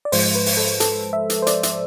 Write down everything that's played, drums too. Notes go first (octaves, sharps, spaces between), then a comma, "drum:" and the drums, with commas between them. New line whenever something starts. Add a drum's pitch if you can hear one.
D5
G#2 F3 G#3 C5, drum: open hi-hat
B4
drum: open hi-hat
A4
A4, drum: hi-hat
E5
drum: hi-hat
C5
D5, drum: hi-hat
E5, drum: hi-hat